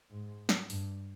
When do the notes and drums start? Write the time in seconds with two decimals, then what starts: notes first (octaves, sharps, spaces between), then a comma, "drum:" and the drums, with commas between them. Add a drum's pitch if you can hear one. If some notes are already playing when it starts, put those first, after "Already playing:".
0.10 G#2
0.49 drum: snare
0.70 G2, drum: open hi-hat